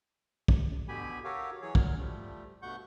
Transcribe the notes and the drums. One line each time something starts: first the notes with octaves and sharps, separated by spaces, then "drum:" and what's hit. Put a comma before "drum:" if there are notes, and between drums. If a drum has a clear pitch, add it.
drum: kick
B2 D3 B3 G4 G#5 B5
F#4 G4 A4 A#4 C#5 F5
E3 F#3 G#4 C#5
A#2 F#3 F6, drum: kick
F3 G3 A3
G2 B2 A3 F#5 C#6 G6